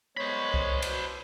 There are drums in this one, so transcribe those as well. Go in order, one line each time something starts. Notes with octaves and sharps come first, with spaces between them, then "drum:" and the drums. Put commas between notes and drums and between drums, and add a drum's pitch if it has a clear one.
G#3 B3 C5 C#5 B5
drum: kick C2
B2, drum: cymbal